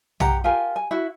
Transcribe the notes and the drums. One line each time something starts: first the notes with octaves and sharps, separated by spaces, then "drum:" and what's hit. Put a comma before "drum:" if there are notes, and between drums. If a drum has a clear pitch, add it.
G4 F#5 A#5, drum: tom
F4 G4 A#4 G#5
G#5
E4 F#4